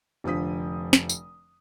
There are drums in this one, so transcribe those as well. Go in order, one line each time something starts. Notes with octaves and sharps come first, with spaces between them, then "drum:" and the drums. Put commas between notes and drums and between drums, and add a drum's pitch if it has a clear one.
F1 D3 F3 D#6 B6
drum: snare
drum: tambourine